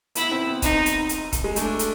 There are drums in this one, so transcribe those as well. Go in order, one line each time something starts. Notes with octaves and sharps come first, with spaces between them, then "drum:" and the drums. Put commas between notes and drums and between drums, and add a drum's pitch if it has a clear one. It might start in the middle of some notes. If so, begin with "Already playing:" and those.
B3 E4, drum: hi-hat
C4
B3
D#4, drum: kick, hi-hat
drum: hi-hat
drum: hi-hat
drum: kick, hi-hat
G#3
A3 D4, drum: hi-hat
drum: hi-hat